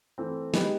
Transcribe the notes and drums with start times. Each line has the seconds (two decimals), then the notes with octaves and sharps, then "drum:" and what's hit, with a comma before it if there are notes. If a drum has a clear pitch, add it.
0.18 E3 A3 C4
0.54 G#3 B3 D#4 G4 B4, drum: snare